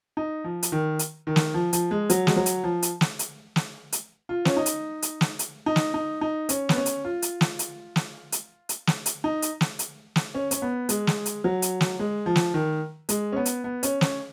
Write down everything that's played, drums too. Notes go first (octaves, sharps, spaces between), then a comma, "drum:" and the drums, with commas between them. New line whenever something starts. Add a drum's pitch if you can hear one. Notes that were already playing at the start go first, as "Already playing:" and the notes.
D#4
F3
drum: hi-hat
D#3
drum: hi-hat
D#3
drum: snare
F3
F3, drum: hi-hat
G#3
F#3, drum: hi-hat
G#3, drum: snare
F#3
drum: hi-hat
F3
drum: hi-hat
drum: snare
drum: hi-hat
drum: snare
drum: hi-hat
F4
C#4, drum: snare
D#4
drum: hi-hat
drum: hi-hat
drum: snare
drum: hi-hat
D#4
drum: snare
D#4
D#4
C#4, drum: hi-hat
B3, drum: snare
C#4
drum: hi-hat
F4
drum: hi-hat
drum: snare
drum: hi-hat
drum: snare
drum: hi-hat
drum: hi-hat
drum: snare
drum: hi-hat
D#4
drum: hi-hat
drum: snare
drum: hi-hat
drum: snare
C#4
C#4, drum: hi-hat
B3
G#3, drum: hi-hat
drum: snare
drum: hi-hat
F#3
drum: hi-hat
drum: snare
G#3
F3
drum: snare
D#3
G#3, drum: hi-hat
C#4
B3
drum: hi-hat
B3
C#4, drum: hi-hat
C#4, drum: snare